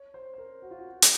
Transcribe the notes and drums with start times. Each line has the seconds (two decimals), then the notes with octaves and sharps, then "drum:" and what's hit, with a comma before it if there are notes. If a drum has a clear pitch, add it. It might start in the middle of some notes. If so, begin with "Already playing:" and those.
Already playing: C#5
0.14 C5
0.34 C5
0.38 A#4
0.62 F#4
0.71 F4
0.78 F#4
1.02 drum: hi-hat